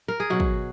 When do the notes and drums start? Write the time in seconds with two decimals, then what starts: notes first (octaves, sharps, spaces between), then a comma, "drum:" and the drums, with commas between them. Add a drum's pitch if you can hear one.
0.08 A#4
0.20 G#4
0.30 B2 F#3 F#4
0.40 drum: kick